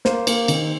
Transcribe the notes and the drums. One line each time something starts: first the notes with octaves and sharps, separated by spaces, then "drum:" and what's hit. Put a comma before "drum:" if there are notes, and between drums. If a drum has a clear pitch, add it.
A#3 C5, drum: snare
A#3, drum: cymbal
D#3, drum: cymbal